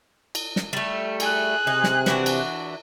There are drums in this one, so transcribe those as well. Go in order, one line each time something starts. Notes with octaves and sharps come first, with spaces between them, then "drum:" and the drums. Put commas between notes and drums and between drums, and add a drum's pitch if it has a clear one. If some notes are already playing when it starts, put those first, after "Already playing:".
drum: cymbal
drum: snare
G3 A3
G#4 F#6, drum: cymbal
C3 D#4
drum: snare
E3 D4 F#4, drum: snare
drum: cymbal